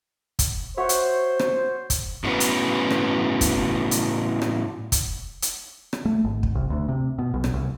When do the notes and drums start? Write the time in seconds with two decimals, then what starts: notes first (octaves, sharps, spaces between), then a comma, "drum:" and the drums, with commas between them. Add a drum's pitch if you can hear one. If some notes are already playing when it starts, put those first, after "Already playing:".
0.39 drum: kick, hi-hat
0.77 F#4 C5 C#5 E5
0.89 drum: hi-hat
1.39 drum: rim click
1.90 drum: kick, hi-hat
2.24 A2 A3 B3 C#4 F#4 B4
2.40 drum: hi-hat
2.91 drum: rim click
3.41 drum: kick, hi-hat
3.91 drum: hi-hat
4.42 drum: rim click
4.92 drum: kick, hi-hat
5.42 drum: hi-hat
5.93 drum: rim click
6.05 A3
6.24 G#1
6.43 drum: kick
6.55 C2
6.70 D2
6.89 C3
7.19 B2
7.34 B1
7.44 drum: rim click
7.54 C2